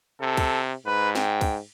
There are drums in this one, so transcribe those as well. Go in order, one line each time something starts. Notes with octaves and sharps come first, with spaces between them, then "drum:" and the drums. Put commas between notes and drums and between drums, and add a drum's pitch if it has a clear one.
C3 A4
drum: kick, cymbal
G#2 B4
G5, drum: snare
drum: kick, cymbal